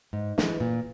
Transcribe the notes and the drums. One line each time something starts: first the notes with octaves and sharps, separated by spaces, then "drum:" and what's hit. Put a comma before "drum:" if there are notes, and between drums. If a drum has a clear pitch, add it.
G#2
E3 G#3, drum: snare
A#2